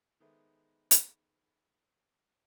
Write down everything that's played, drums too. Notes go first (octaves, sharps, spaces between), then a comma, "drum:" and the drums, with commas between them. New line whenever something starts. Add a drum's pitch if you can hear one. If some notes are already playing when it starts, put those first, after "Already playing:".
D#3 G#3 B3 A4 C5 E5
drum: hi-hat